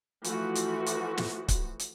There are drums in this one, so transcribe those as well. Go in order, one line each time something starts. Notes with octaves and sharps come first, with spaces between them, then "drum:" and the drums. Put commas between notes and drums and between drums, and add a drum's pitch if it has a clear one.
E3 F3 A3 F#4, drum: hi-hat
drum: hi-hat
drum: hi-hat
drum: snare
drum: kick C#1, hi-hat
drum: hi-hat